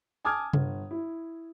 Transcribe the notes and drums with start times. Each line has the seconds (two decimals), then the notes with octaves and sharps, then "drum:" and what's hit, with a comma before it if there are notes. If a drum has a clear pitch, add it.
0.25 G#5 A5 D6 D#6 F6 G#6
0.53 G1, drum: tom C3
0.91 E4